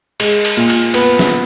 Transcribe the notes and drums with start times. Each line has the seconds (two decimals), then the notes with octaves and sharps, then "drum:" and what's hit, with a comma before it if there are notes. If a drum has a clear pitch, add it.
0.20 G#3, drum: cymbal
0.45 drum: cymbal
0.57 A#2
0.70 drum: cymbal
0.94 B3, drum: cymbal
1.19 drum: snare